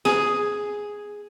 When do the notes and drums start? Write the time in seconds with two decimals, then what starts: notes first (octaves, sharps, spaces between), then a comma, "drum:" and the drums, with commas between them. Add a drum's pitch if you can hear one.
0.05 G#4, drum: snare